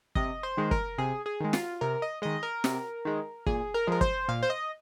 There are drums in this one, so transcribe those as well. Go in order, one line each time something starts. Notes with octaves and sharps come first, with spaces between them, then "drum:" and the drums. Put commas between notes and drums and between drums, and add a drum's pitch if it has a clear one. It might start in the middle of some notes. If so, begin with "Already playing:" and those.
C3 D#5, drum: kick
C5
D#3 G#3
A#4, drum: kick
C3 G#4
G#4
D#3 G#3
F4, drum: snare
C3 A#4
D#5
D#3 G#3 D#5
A#4
C3, drum: snare
D#3 G#3
A#2 G#4, drum: kick
A#4
F3 G#3 A#4
C5, drum: kick
A#2 F5
C5
D#5